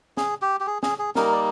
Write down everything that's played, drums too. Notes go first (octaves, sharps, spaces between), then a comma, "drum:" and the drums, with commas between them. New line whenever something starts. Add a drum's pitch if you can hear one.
G#4, drum: snare
G4
G4
G#4
G#4, drum: snare
G#4
G3 A#3 D#4 A#4, drum: snare
D5